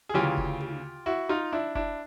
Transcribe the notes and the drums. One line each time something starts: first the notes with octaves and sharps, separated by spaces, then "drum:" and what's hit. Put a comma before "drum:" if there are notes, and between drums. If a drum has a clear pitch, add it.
G#4
D2 C#3 E3 F4 G4
drum: kick F1
drum: tom
E4 F#4
D#4 F4
D4 E4
D4 E4, drum: kick F1